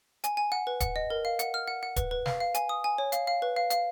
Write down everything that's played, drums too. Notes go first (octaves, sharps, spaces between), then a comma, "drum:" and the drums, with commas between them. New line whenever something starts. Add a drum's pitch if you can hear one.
G#5, drum: hi-hat
G#5
F#5
B4
F#5, drum: kick D1, hi-hat
D#5
A#4
F5
F#5, drum: hi-hat
F6
F#5
F#5
B4, drum: kick D1, hi-hat
B4
F5, drum: snare
F5
G#5, drum: hi-hat
D#6
G#5
C#5
F5, drum: hi-hat
F5
B4
F5
F5, drum: hi-hat